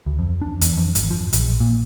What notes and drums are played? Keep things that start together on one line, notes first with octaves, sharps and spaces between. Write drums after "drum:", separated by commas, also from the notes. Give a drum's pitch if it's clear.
D2
F2
D4
E2, drum: hi-hat
F2
G#1, drum: hi-hat
F3
A#1, drum: hi-hat
A#2